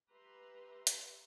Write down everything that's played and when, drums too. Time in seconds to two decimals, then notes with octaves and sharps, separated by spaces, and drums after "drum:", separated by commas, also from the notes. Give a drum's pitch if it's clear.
0.11 G4 B4 E5 A#5 C6
0.87 drum: hi-hat